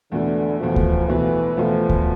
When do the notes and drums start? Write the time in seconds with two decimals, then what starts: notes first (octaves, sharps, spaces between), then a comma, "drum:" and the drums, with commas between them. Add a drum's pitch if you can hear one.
0.12 E2 B2 D3 A3
0.59 E2 B2 F3 A3
0.76 drum: kick D2
1.08 E2 B2 E3 A3
1.57 E2 B2 F3 A3
1.89 drum: kick D2